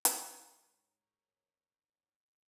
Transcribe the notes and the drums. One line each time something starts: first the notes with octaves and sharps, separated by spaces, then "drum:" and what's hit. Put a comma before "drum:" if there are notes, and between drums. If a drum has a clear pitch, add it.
drum: hi-hat
G#2 G#4 A#4 C#5 F#7